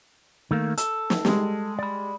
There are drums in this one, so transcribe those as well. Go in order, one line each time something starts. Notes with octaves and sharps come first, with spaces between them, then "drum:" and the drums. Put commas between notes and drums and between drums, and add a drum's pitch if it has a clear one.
D#3 A3 A#3
A4, drum: hi-hat
drum: snare
G3 G#3, drum: snare
D5 B5